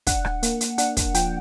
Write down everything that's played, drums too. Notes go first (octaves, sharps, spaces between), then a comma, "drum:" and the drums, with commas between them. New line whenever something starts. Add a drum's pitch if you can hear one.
D4 F#5, drum: kick, hi-hat
drum: rim click
A#3, drum: hi-hat
drum: hi-hat
D4 F#5, drum: hi-hat
drum: kick, hi-hat
F3 G5, drum: hi-hat